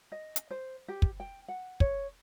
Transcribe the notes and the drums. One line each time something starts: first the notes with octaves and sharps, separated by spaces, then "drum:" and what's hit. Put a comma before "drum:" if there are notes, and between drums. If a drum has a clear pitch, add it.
D#5
drum: hi-hat
C5
G4
drum: kick
G5
F#5
C#5, drum: kick